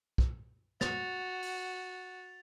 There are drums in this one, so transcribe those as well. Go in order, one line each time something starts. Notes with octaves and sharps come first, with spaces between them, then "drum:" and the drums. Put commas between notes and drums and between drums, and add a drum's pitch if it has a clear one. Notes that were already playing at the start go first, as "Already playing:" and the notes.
drum: kick
F#4 A6 F7, drum: snare
drum: open hi-hat